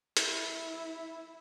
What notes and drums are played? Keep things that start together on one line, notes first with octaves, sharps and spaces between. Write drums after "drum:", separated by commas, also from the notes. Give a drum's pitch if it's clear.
E4, drum: hi-hat